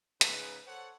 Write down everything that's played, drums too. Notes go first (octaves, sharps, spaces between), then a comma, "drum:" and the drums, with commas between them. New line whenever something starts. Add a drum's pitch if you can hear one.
G#2 C#3 G#3 D#4 B4, drum: hi-hat
A4 C5 C#5 F#5